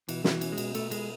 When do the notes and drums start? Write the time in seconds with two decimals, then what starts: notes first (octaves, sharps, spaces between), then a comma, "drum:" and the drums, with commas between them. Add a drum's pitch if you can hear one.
0.09 B2 E3, drum: cymbal
0.24 D#3 F#4, drum: snare
0.31 E3
0.41 C#4, drum: cymbal
0.52 G#3
0.58 B2, drum: cymbal
0.75 A3 A4, drum: cymbal
0.91 G#3 A4, drum: cymbal